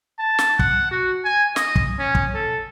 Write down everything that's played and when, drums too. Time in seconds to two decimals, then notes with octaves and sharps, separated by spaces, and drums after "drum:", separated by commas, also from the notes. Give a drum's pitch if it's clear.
0.19 A5
0.39 drum: snare
0.59 F#5, drum: kick
0.91 F#4
1.25 G#5
1.56 D#5, drum: snare
1.76 drum: kick
1.99 C#4
2.15 drum: kick
2.35 A4